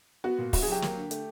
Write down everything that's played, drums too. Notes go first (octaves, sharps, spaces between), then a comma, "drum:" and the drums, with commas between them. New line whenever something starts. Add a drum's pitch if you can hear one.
B3 F#4
A#2
E4 F#4, drum: kick, open hi-hat
G#4
F#3 G4
A#3, drum: snare
D3
A3, drum: hi-hat